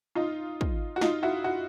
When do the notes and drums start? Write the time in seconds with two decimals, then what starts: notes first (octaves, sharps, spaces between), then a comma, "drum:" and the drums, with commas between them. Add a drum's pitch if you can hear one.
0.15 D#4 F4
0.61 drum: kick
0.96 F#4
1.01 D#4 F4, drum: snare
1.23 E4 F#4
1.44 E4 F#4